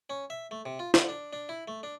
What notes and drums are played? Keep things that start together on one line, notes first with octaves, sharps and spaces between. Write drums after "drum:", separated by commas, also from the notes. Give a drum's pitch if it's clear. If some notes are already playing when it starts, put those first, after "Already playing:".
C#4
E5
A3
C3
F4
D3, drum: snare
D4
D4
E4
A3
D4